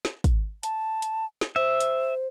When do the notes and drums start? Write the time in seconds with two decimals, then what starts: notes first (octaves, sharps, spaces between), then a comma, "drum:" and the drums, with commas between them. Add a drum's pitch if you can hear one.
0.05 drum: snare
0.24 drum: kick, hi-hat
0.63 A5, drum: hi-hat
1.02 drum: hi-hat
1.41 drum: snare
1.56 C5 E5
1.80 drum: hi-hat